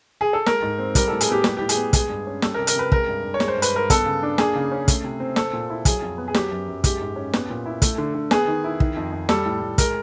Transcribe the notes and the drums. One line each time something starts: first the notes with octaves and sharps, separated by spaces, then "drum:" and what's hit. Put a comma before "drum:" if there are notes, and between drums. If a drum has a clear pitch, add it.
G#4
A4
G#3 A#4, drum: snare
G#2
C4
G3 A#4, drum: kick, hi-hat
A4
A2
G#4, drum: hi-hat
B3 G4
G3 G4, drum: snare
G4
A2
G#4, drum: hi-hat
B3
G#3 G#4, drum: kick, hi-hat
G2
C#4
G3 A4, drum: snare
A#4
C3
A#4, drum: hi-hat
C3 B4
G#3 A#4, drum: kick
G2
G2
C#5
G#3, drum: snare
C5
G2
B4, drum: hi-hat
G2 A#4
B3 A4, drum: kick, hi-hat
C#3
D4
A#3 G#4, drum: snare
C#3
C#4
A3, drum: kick, hi-hat
C3
C4
C4 A4, drum: snare
A#2
E4
F#3 G#4, drum: kick, hi-hat
F2
B3
G#4
F#3 G4, drum: snare
F#2
F#2
G#3 G4, drum: kick, hi-hat
G#2
C#4
B3, drum: snare
A#2
E4
A3, drum: kick, hi-hat
D3
D3
B3 G#4, drum: snare
D#3
E4
D#3, drum: kick
F2
F2
G3 A4, drum: snare
A2
A2
G#3 A#4, drum: kick, hi-hat